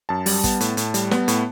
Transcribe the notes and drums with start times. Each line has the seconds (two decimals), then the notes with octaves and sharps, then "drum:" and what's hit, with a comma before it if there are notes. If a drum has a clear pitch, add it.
0.09 F#2 A5
0.26 G3, drum: open hi-hat
0.44 B3, drum: kick, hi-hat
0.60 A2, drum: hi-hat
0.77 A2, drum: hi-hat
0.94 G3, drum: hi-hat
1.11 B3, drum: snare
1.28 A2, drum: hi-hat